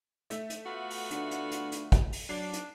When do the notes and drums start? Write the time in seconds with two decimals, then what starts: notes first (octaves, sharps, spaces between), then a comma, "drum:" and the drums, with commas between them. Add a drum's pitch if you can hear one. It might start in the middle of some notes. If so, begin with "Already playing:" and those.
0.30 A3 E5, drum: hi-hat
0.50 drum: hi-hat
0.66 B3 F4 F#4
0.90 drum: open hi-hat
1.11 D3, drum: hi-hat
1.31 drum: hi-hat
1.51 drum: hi-hat
1.72 drum: hi-hat
1.92 drum: kick, hi-hat
2.13 drum: open hi-hat
2.29 F#3 D4 C7
2.53 drum: hi-hat